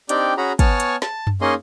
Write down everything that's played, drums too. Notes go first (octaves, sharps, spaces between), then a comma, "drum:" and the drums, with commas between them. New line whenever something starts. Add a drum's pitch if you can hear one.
C4 D4 D#4 G4 D5 G5, drum: hi-hat
C#4 F#4 G#4 A#5 B5
B3 C#5 G#5 A5 C#6 F6, drum: kick, hi-hat
drum: hi-hat
A5, drum: snare
drum: tom F#2
A#3 C#4 D#4 G#4 D#5 C6